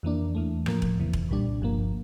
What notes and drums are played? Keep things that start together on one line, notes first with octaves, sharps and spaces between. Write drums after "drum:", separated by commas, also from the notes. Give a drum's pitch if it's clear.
F2 E3 A#3 D4
E2 E3 A3
A2 F3 A#3, drum: rim click
drum: kick E1
E2 C3 E3
drum: kick E1
C2 A#2 G3 D4
G1 G2 F3 A#3